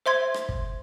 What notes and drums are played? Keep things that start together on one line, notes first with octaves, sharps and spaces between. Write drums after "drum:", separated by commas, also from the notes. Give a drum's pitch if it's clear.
C5 E5 C6 G#6
drum: rim click
drum: kick